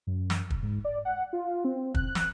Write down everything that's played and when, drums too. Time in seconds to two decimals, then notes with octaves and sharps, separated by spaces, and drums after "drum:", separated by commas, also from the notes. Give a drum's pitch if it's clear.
0.07 F#2
0.30 drum: snare
0.50 drum: kick
0.63 G#2
0.85 D5
1.05 F#5
1.33 F4
1.65 C4
1.95 F#6, drum: kick
2.15 drum: snare